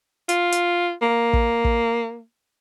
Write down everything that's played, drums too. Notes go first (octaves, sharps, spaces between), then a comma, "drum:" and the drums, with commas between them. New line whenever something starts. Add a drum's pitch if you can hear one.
F4, drum: hi-hat
drum: hi-hat
A#3
drum: kick
drum: kick